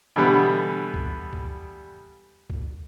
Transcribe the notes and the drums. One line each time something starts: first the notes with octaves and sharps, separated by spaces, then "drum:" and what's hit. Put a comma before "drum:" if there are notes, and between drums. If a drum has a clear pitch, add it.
B2 D3 E3 G3 B3
drum: kick
drum: kick
drum: kick